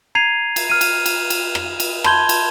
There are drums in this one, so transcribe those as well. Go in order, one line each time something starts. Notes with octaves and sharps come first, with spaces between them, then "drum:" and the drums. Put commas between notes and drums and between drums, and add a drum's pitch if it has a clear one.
A#5 G#6 C7 D#7 F7
drum: cymbal
F6 D#7
drum: cymbal
drum: cymbal
drum: cymbal
drum: rim click
drum: cymbal
A5 B5 C6 G6 G#6 G7, drum: rim click
drum: cymbal